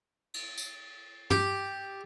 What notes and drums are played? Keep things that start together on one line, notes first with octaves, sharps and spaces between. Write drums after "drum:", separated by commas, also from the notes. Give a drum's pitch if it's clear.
drum: cymbal
drum: tambourine
G4, drum: tom